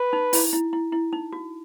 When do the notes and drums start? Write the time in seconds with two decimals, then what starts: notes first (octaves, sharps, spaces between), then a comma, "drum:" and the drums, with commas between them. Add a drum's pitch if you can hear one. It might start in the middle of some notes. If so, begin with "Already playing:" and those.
Already playing: B4
0.13 D#4
0.33 E4, drum: open hi-hat
0.53 E4
0.73 E4
0.92 E4
1.13 D#4
1.33 F#4